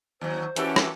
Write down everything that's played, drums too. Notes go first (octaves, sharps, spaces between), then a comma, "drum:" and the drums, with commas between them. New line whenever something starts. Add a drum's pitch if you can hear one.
D#2 F#3 C5
E3 C#4 F#4 G4 A4, drum: hi-hat
drum: rim click